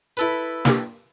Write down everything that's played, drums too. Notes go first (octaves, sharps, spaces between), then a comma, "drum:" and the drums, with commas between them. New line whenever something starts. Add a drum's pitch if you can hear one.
E4 A4 B4
A#3 D4 G4, drum: snare